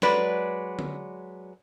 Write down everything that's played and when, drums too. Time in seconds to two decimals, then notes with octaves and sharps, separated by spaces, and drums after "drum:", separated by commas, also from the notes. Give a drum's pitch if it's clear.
0.02 F#3 G#3 B4 D5, drum: snare
0.79 drum: tom D3